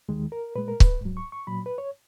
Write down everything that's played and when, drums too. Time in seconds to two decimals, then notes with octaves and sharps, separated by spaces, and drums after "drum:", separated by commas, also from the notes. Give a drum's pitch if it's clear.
0.09 D#2 D#3 G#3
0.32 A#4
0.55 A#2 G#3 B4
0.68 A#4
0.80 B4, drum: kick C#1
1.01 G#2 F#3
1.17 C#6
1.32 C#6
1.47 A#2 F#3 B5
1.66 B4
1.78 C#5